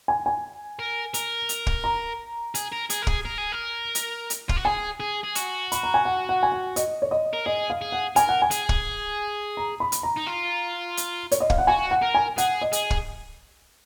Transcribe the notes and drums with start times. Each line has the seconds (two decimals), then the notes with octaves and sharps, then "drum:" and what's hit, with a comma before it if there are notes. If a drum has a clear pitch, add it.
0.08 G#5
0.26 G#5
0.79 A#4
1.14 A#4, drum: hi-hat
1.49 drum: hi-hat
1.67 drum: kick
1.84 A#5
2.55 G#4, drum: hi-hat
2.72 A#4
2.90 G#4, drum: hi-hat
3.02 A#4
3.07 G#4, drum: kick
3.25 A#4
3.38 G#4
3.52 A#4
3.95 drum: hi-hat
4.30 drum: hi-hat
4.49 F4, drum: kick
4.57 F#4
4.65 G#4 G#5
5.00 G#4
5.23 G#4
5.35 F#4, drum: hi-hat
5.72 B5, drum: hi-hat
5.83 A#5
5.94 G#5
6.05 F#5
6.29 F#5
6.43 G#5
6.52 F#5
6.76 D#5, drum: hi-hat
7.02 C#5
7.11 D#5
7.34 A#4
7.46 G#4 D#5
7.70 F5
7.82 G#4
7.92 F#5
8.16 A#4 G#5, drum: hi-hat
8.29 F#5
8.42 G#5
8.51 G#4, drum: hi-hat
8.69 drum: kick
9.57 A#5
9.80 B5
9.92 drum: hi-hat
10.03 A#5
10.17 D#4
10.27 F4
10.97 drum: hi-hat
11.32 C#5, drum: hi-hat
11.40 D#5
11.50 F5, drum: kick
11.58 F#5
11.67 F#4 G#5
11.91 F#5
12.02 A#4
12.15 G#5
12.38 G#4 F#5, drum: hi-hat
12.61 D#5
12.73 G#4, drum: hi-hat
12.90 drum: kick